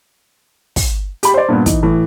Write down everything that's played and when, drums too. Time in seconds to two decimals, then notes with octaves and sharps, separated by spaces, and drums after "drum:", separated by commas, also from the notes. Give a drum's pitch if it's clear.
0.76 drum: kick, open hi-hat
1.23 G4 B5, drum: hi-hat
1.34 C5 D5
1.48 G2 A#2 B3
1.66 E3 D#4, drum: kick, hi-hat
1.83 A2 E3